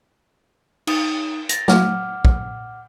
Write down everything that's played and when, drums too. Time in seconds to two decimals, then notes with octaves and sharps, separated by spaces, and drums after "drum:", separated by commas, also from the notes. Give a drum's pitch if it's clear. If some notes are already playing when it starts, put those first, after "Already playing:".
0.87 D#4 D#6, drum: cymbal
1.49 A6 A#6, drum: hi-hat
1.68 F#3 F#5 D6 F6, drum: snare
2.25 drum: kick